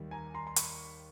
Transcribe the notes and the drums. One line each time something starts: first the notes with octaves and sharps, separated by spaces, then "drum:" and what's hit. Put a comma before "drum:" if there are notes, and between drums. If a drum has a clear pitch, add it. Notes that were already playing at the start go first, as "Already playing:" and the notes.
Already playing: D#2 D#3 G3
G#5 A#5
A#5 C6
C6
B5 C#6, drum: hi-hat